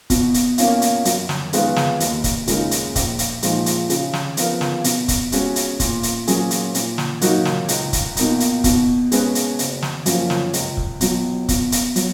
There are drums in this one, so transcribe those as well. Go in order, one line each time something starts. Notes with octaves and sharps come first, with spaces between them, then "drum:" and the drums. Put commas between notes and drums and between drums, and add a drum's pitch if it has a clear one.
B2, drum: kick C#1, hi-hat
drum: hi-hat
A#3 C#4 F4, drum: hi-hat
drum: hi-hat
F#2, drum: hi-hat
drum: snare
D#3 G#3 B3 F4, drum: hi-hat
drum: snare
D#2, drum: hi-hat
drum: kick C#1, hi-hat
C#3 G#3 D#4 A#4, drum: hi-hat
drum: hi-hat
A#1, drum: kick C#1, hi-hat
drum: hi-hat
A#2 F3 G#3 D#4, drum: hi-hat
drum: hi-hat
C#3, drum: hi-hat
drum: snare
F3 B3 F4 A#4, drum: hi-hat
drum: snare
B2, drum: hi-hat
drum: kick C#1, hi-hat
G#3 C#4 F#4, drum: hi-hat
drum: hi-hat
A#2, drum: kick C#1, hi-hat
drum: hi-hat
F#3 A#3 C#4 G#4, drum: hi-hat
drum: hi-hat
A#2, drum: hi-hat
drum: snare
F#3 A#3 D#4 F#4, drum: hi-hat
drum: snare
C#2, drum: hi-hat
drum: kick C#1, hi-hat
B2 A#3 D#4, drum: hi-hat
drum: hi-hat
B2, drum: kick C#1, hi-hat
G#3 C#4 G#4 B4, drum: hi-hat
drum: hi-hat
F#1, drum: hi-hat
drum: snare
F#2 F3 A#3 C#4, drum: hi-hat
drum: snare
C#2, drum: hi-hat
drum: kick C#1
B2 F#3, drum: hi-hat
B2, drum: kick C#1, hi-hat
drum: hi-hat
F#3, drum: hi-hat